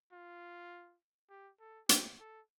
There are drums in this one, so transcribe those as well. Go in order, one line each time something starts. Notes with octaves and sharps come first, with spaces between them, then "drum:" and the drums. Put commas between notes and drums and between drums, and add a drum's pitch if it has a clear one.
F4
G4
A4
G4, drum: hi-hat
A4